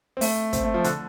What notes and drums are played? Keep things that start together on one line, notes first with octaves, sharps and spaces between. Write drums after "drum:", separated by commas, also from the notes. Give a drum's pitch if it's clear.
C4
A3, drum: open hi-hat
C4, drum: kick, hi-hat
A3
F3
D3, drum: hi-hat